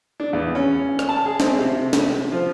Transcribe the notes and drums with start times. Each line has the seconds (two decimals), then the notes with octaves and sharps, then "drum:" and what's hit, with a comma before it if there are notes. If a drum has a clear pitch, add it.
0.20 D4
0.33 E2
0.55 C#4
0.99 drum: rim click
1.09 A5
1.26 G#4
1.40 C4, drum: snare
1.58 C3
1.93 drum: snare
2.32 F3